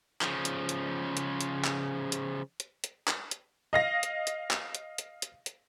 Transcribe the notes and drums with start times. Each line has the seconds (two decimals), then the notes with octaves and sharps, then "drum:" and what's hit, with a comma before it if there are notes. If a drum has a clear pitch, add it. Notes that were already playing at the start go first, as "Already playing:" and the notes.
0.21 C#3 F3, drum: clap
0.45 drum: hi-hat
0.69 drum: hi-hat
1.17 drum: hi-hat
1.41 drum: hi-hat
1.64 drum: clap
2.12 drum: hi-hat
2.60 drum: hi-hat
2.84 drum: hi-hat
3.08 drum: clap
3.31 drum: hi-hat
3.73 D#5 F5 A#6
4.03 drum: hi-hat
4.27 drum: hi-hat
4.51 drum: clap
4.75 drum: hi-hat
4.98 drum: hi-hat
5.22 drum: hi-hat
5.46 drum: hi-hat